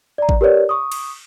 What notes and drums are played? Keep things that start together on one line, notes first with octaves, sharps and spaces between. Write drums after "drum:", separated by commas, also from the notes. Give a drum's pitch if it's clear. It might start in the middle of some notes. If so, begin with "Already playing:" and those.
D5 A#5
drum: kick A1
G4 A#4 B4 C#5 D5
C#6 D#6
drum: cymbal